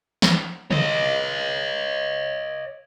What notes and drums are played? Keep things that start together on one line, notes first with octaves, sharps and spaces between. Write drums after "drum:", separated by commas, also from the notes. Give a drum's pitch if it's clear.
drum: snare
C#5 D#5, drum: tom C#3